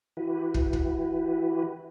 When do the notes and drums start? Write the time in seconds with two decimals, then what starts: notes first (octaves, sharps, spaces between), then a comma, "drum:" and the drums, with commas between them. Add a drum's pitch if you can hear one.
0.17 E3 E4 F#4 G4 B4
0.54 drum: kick
0.73 drum: kick